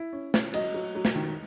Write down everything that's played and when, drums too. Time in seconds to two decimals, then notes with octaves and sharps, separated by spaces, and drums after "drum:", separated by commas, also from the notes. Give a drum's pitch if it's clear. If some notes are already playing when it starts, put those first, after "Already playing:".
Already playing: E4
0.13 C#4
0.34 C#4, drum: snare
0.54 F#3 D#5, drum: cymbal
0.74 F#3
0.95 F#3
1.05 drum: snare
1.16 D#3